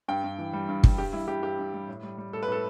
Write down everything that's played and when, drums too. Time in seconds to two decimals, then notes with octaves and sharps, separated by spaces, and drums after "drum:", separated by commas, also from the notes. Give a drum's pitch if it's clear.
0.08 G2 G5
0.24 G2
0.39 E3
0.53 G3
0.68 G2
0.84 G2, drum: kick
0.98 G2 G4
1.13 G3 E4
1.28 G3 G4
1.43 G2 G4
1.59 G2
1.74 G3
1.88 A2
2.03 G3
2.18 G3
2.33 A2 A4
2.43 B4
2.48 A2 A4